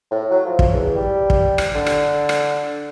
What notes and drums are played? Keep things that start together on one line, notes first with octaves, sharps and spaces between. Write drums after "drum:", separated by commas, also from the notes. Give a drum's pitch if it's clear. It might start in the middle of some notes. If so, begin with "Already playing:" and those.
A2
F#3
F3
drum: kick
E2
G3
drum: kick
drum: rim click
D3
drum: rim click
drum: rim click